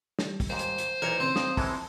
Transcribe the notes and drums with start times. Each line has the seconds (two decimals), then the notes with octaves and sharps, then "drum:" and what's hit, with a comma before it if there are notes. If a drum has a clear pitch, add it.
0.19 G3, drum: snare
0.40 drum: kick, open hi-hat
0.50 D#2 G#2 C5
0.59 drum: hi-hat
0.78 drum: hi-hat
1.02 B1 A#2 E3 A#4 C#5
1.20 C#3 E3 C4 C#4
1.36 F2 D#6, drum: snare
1.57 F#2 E3 G#3 A5 E6, drum: kick, open hi-hat